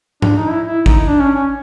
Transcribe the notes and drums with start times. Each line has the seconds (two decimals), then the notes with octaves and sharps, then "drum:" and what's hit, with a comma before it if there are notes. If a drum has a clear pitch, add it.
0.22 D4, drum: tom G#2
0.37 D#4
0.50 E4
0.65 E4
0.86 D#4, drum: kick
1.07 D4
1.20 C#4
1.35 C#4